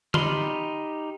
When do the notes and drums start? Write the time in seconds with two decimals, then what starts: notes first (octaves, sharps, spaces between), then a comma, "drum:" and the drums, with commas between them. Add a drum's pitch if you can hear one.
0.14 D#4 G4 B5 C6 F6, drum: tom D3